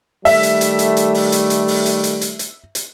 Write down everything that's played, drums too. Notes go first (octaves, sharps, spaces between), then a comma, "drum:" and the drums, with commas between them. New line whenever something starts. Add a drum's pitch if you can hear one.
D#3 G3 A3 E5, drum: open hi-hat
drum: hi-hat
drum: hi-hat
drum: hi-hat
drum: hi-hat
drum: open hi-hat
drum: hi-hat
drum: hi-hat
drum: open hi-hat
drum: hi-hat
drum: hi-hat
drum: hi-hat
drum: hi-hat
drum: hi-hat